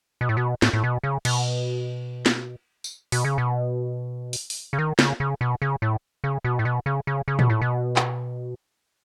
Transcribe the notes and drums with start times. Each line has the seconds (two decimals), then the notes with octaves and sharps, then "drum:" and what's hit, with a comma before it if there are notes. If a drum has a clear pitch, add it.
0.21 B2
0.29 A2
0.37 B2
0.62 A2, drum: snare
0.73 A2
0.84 B2
1.04 C#3
1.25 B2, drum: cymbal
2.26 drum: snare
2.84 drum: tambourine
3.12 B2, drum: open hi-hat
3.25 C#3
3.38 B2
4.33 drum: open hi-hat
4.50 drum: open hi-hat
4.73 C#3
4.78 D#3
4.99 C#3, drum: snare
5.20 C#3
5.41 B2
5.62 C#3
5.82 A2
6.24 C#3
6.44 B2
6.59 A2
6.65 B2
6.86 C#3
7.07 C#3
7.28 C#3
7.39 B2, drum: tom
7.50 A2
7.61 B2
7.96 drum: clap